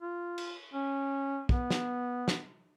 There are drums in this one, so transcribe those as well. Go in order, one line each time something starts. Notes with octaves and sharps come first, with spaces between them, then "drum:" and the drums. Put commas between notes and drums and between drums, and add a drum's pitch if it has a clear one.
F4
drum: cymbal
C#4
B3, drum: kick
drum: snare
drum: snare